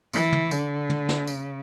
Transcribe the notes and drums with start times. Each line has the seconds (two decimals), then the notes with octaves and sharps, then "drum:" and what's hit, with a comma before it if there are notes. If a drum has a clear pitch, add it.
0.13 E3, drum: tambourine
0.32 drum: tom
0.51 D3, drum: tambourine
0.89 drum: tom
1.09 drum: snare
1.27 C#3, drum: tambourine